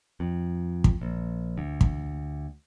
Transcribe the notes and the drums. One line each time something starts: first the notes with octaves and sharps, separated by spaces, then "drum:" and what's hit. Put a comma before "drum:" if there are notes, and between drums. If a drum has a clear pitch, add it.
F2
drum: kick
A#1
D2
drum: kick